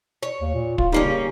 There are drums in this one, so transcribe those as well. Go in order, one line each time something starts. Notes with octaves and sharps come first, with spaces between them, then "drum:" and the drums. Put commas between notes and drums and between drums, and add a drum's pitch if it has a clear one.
C#5
D#2
A#2
F4, drum: kick
G3 A#3 C#4 D#4
C#3